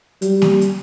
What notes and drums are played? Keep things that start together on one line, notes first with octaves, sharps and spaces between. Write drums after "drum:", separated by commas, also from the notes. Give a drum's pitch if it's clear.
G3, drum: hi-hat
drum: snare A#3
drum: hi-hat